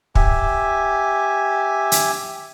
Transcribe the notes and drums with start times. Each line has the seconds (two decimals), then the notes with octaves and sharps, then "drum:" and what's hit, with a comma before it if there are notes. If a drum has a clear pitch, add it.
0.15 G4 E5 G#5, drum: kick
1.92 drum: hi-hat